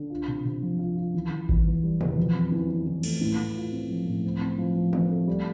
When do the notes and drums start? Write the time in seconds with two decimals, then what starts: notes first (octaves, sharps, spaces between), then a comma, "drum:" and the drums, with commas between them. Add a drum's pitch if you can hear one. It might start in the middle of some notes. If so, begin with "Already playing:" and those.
Already playing: D3
0.10 F4
0.28 C3
0.45 C3
0.63 F3
0.79 F4
0.97 F4
1.15 E3
1.31 E3
1.49 E2, drum: kick G#1
1.66 E2
1.83 G3
2.01 E2, drum: tom B2
2.18 F2
2.34 C4
2.52 E3
2.70 E3
2.87 E3
3.03 A3, drum: cymbal
3.21 A2
3.38 A2
3.55 F4
3.72 C4
3.90 F3
4.07 A2
4.24 C4
4.41 C4
4.58 F3
4.75 F3
4.93 C4, drum: tom D3
5.10 A3
5.27 G3